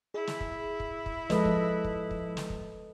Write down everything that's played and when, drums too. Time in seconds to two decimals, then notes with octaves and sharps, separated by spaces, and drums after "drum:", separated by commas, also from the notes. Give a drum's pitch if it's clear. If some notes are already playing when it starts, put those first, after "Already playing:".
0.14 E4 G#4
0.27 drum: snare
0.40 drum: kick
0.80 drum: kick
1.06 drum: kick
1.30 F3 G#3 A4 B4 D#5, drum: snare
1.45 drum: kick
1.84 drum: kick
2.11 drum: kick
2.37 drum: snare
2.50 drum: kick